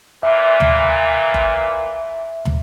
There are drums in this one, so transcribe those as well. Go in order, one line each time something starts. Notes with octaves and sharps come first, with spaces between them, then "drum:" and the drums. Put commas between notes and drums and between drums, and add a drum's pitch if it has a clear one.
A#2 E3 E5
drum: tom
drum: kick F#1
drum: tom